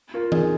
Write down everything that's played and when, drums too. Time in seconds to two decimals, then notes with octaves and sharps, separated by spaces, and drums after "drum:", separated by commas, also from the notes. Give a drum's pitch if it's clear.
0.14 F4 A#4
0.32 D#4 G#4, drum: tom E3